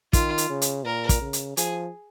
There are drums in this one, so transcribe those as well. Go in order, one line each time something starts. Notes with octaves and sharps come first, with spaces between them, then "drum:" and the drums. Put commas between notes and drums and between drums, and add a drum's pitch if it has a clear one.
D#3 F4, drum: kick, hi-hat
drum: hi-hat
C#3
drum: hi-hat
A#2 A#4
drum: kick, hi-hat
C#3
drum: hi-hat
F3 G#4, drum: hi-hat